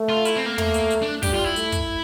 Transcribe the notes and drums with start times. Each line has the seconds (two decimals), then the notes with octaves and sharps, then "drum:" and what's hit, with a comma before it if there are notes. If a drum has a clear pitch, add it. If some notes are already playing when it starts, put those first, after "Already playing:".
Already playing: A3
0.09 F4
0.25 E4, drum: hi-hat
0.36 C4
0.46 A#3
0.58 A3, drum: tom
0.74 drum: hi-hat
0.90 drum: hi-hat
1.02 D4
1.23 G3 G4, drum: kick, open hi-hat
1.34 F4
1.45 E4
1.56 A3, drum: hi-hat
1.72 drum: kick, hi-hat